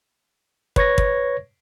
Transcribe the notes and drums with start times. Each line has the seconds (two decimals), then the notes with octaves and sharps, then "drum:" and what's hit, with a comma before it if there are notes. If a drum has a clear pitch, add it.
0.76 B4 C#5 C#6 G#6 A#6, drum: kick
0.98 drum: kick